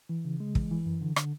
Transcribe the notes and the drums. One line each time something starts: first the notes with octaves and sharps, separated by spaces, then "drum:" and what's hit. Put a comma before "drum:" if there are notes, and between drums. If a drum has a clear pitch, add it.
E3
C#3
G#3
E3, drum: kick
E3
F#2
D3
D3, drum: rim click